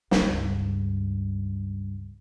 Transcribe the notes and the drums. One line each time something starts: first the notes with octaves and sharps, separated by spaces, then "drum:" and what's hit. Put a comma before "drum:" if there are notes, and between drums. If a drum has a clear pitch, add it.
C#2 G2, drum: snare